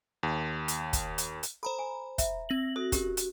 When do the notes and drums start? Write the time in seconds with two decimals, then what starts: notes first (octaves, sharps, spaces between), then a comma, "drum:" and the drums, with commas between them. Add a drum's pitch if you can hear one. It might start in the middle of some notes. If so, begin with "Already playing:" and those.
0.23 D#2
0.68 drum: hi-hat
0.93 drum: kick, hi-hat
1.18 drum: hi-hat
1.43 drum: hi-hat
1.63 A4 C5 A#5 B5
1.79 G#5
2.18 E5, drum: kick, hi-hat
2.49 C4 A#6 F#7
2.76 F#4 A4
2.92 C#4 G4 A#4, drum: kick, hi-hat
3.17 drum: hi-hat